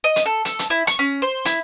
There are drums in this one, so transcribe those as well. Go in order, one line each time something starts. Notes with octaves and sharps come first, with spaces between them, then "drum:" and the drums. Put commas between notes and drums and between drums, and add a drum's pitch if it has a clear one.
D#5
drum: hi-hat
A4
A4, drum: hi-hat
drum: hi-hat
E4
C#6, drum: hi-hat
C#4
C5
E4, drum: hi-hat